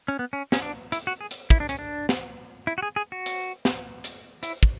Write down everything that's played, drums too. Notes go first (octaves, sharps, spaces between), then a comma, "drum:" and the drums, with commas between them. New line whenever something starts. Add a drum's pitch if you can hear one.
C#4
B3
C#4
C#4, drum: snare
D4
E4, drum: hi-hat
F#4
G#4
drum: hi-hat
E4, drum: kick
D4
C#4, drum: hi-hat
D4
drum: snare
E4
F#4
G#4
G#4
F#4
drum: hi-hat
drum: snare
drum: hi-hat
E4, drum: hi-hat
drum: kick